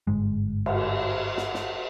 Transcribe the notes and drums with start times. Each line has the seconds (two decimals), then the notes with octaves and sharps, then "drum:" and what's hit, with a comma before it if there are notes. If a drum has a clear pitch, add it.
0.07 G1 G#2 G#3
0.66 drum: cymbal
1.37 drum: snare
1.54 drum: snare